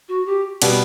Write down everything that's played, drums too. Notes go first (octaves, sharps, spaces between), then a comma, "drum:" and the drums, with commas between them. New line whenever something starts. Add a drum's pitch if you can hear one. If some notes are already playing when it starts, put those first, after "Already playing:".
F#4
G4
B2 G3 B3, drum: cymbal